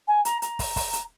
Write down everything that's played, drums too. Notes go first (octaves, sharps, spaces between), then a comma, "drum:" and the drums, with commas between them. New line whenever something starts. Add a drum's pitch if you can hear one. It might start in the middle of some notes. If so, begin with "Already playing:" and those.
G#5
A#5, drum: hi-hat
A#5, drum: hi-hat
drum: kick, open hi-hat
drum: kick, open hi-hat
drum: hi-hat